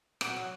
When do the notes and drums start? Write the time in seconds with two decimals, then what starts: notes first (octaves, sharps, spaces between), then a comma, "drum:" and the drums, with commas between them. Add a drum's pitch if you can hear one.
0.21 A#2 F#4, drum: rim click
0.36 F#3